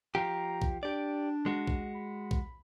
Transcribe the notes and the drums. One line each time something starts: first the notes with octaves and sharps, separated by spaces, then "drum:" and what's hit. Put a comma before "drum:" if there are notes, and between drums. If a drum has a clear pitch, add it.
F3 G4 A#5
drum: kick B1
D4 G4 D5
G#3 F#4
drum: kick B1
B5
drum: kick B1